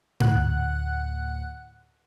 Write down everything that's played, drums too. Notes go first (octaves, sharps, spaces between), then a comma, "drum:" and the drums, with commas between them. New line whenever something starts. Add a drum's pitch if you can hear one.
D2 A2 F#5 F#6, drum: tom G#2